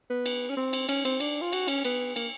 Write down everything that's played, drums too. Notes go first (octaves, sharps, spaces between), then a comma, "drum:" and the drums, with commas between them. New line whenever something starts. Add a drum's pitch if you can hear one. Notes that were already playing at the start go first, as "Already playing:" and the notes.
B3
drum: cymbal
C#4
C4
drum: cymbal
C#4, drum: cymbal
C4, drum: cymbal
D4, drum: cymbal
F4
F#4, drum: cymbal
C#4, drum: cymbal
B3, drum: cymbal
A#3, drum: cymbal